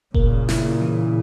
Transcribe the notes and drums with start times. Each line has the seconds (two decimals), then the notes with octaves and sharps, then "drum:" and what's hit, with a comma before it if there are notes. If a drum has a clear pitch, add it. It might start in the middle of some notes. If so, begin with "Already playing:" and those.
0.14 A#2 C#3 A#3, drum: kick F1
0.49 E4, drum: snare
0.81 E3